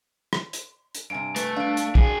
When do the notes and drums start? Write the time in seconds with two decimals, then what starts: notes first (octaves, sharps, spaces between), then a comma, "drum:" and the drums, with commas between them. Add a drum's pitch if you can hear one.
0.33 drum: rim click
0.53 drum: hi-hat
0.95 drum: hi-hat
1.10 G2 C3 G#5 D7
1.36 A3 B4, drum: hi-hat
1.56 G2 D4 F5 D7
1.77 drum: hi-hat
1.95 F#4 G#4, drum: kick